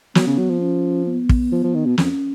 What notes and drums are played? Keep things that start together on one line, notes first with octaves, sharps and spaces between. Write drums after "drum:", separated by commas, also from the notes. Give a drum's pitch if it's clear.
F#3 B3, drum: snare
C#3
F#3
F3
C#4
B3
drum: kick
F3
F3
D#3
B2
F2 C#4, drum: snare